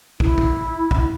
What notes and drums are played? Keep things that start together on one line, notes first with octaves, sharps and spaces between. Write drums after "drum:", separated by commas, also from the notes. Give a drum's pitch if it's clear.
E4, drum: kick
drum: kick
drum: kick